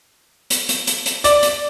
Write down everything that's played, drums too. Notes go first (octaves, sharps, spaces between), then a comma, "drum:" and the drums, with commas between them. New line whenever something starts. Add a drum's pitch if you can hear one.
drum: hi-hat
drum: hi-hat
drum: hi-hat
drum: hi-hat
D5, drum: hi-hat
drum: hi-hat